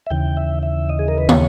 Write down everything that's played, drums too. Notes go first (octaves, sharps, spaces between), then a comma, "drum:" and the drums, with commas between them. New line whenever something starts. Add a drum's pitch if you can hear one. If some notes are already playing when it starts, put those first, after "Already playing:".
E5
D#2 C#3 E3 G5
E5
E5
D#5
G#4
A#4
B4
C#5, drum: tom